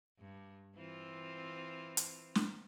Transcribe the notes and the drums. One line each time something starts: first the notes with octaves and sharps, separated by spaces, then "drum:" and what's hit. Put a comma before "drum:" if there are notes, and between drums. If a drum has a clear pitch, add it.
G2
E3 C4 F4
drum: hi-hat
drum: snare